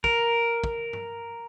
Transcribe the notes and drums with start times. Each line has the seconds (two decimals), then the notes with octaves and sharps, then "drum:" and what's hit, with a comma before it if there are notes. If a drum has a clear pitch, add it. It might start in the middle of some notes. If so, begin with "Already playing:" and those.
0.04 A#4, drum: kick
0.64 drum: kick
0.93 drum: tom